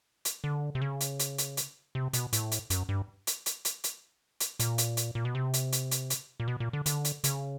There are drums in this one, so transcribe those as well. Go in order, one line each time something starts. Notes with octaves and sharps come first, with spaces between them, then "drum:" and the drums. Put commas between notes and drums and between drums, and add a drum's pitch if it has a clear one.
drum: hi-hat
D3
C3
C#3
drum: hi-hat
drum: hi-hat
drum: hi-hat
drum: hi-hat
C3
B2, drum: hi-hat
A2, drum: hi-hat
drum: hi-hat
F#2, drum: hi-hat
G2
drum: hi-hat
drum: hi-hat
drum: hi-hat
drum: hi-hat
drum: hi-hat
A#2, drum: hi-hat
drum: hi-hat
drum: hi-hat
A#2
B2
C3
drum: hi-hat
drum: hi-hat
drum: hi-hat
drum: hi-hat
A#2
B2
A#2
D3
D3, drum: hi-hat
drum: hi-hat
C#3, drum: hi-hat